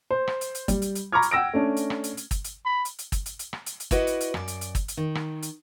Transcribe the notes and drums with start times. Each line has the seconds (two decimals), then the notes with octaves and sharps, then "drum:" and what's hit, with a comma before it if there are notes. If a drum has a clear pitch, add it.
0.11 C5
0.27 drum: rim click
0.41 drum: hi-hat
0.55 drum: hi-hat
0.68 G3, drum: kick, hi-hat
0.82 drum: hi-hat
0.95 drum: hi-hat
1.12 A#5 B5 C#6 D6 F6 G#6
1.22 drum: hi-hat
1.31 F#5 G5 E6 A#6 D7
1.54 A3 C#4 D4
1.77 drum: hi-hat
1.90 drum: rim click
2.04 drum: hi-hat
2.17 drum: hi-hat
2.31 drum: kick, hi-hat
2.44 drum: hi-hat
2.65 B5
2.85 drum: hi-hat
2.99 drum: hi-hat
3.12 drum: kick, hi-hat
3.26 drum: hi-hat
3.39 drum: hi-hat
3.53 drum: rim click
3.66 drum: hi-hat
3.80 drum: hi-hat
3.91 E4 F#4 B4 D5 D#5 F#5, drum: kick, hi-hat
4.07 drum: hi-hat
4.21 drum: hi-hat
4.34 F#2 D5, drum: rim click
4.48 drum: hi-hat
4.61 drum: hi-hat
4.75 drum: kick, hi-hat
4.88 drum: hi-hat
4.97 D#3
5.15 drum: rim click
5.42 drum: hi-hat